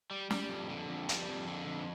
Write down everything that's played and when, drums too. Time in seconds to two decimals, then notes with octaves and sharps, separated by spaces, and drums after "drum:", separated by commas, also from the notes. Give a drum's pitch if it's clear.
0.11 G3
0.31 G3, drum: snare
0.49 F2
0.69 D3
0.89 F2
1.09 G3, drum: hi-hat
1.29 F2
1.48 D3
1.67 F2